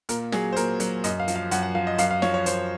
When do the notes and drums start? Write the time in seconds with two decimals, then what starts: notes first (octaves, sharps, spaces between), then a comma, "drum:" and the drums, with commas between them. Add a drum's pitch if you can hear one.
0.09 A#2 A#4, drum: hi-hat
0.32 F#3 G#4, drum: snare
0.52 C5
0.56 A#2 A#4, drum: hi-hat
0.80 F#3, drum: hi-hat
1.04 F#2 D#5, drum: hi-hat
1.20 F5
1.28 F3, drum: hi-hat
1.36 F5
1.51 F#2 F#5, drum: hi-hat
1.63 F#5
1.75 F3 F5
1.87 D#5
1.98 F#2 F5, drum: hi-hat
2.11 F5
2.22 F3 C#5, drum: snare
2.34 C#5
2.46 F#2 C5, drum: hi-hat